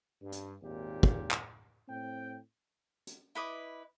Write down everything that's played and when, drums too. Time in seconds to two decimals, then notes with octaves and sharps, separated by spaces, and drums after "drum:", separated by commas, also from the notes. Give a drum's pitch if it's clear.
0.22 G2
0.32 drum: hi-hat
0.62 G#1 D#2 A#2 G4
1.03 drum: kick
1.31 drum: clap
1.88 A2 C4 G5
3.07 drum: hi-hat
3.35 E4 B4 D#5 D6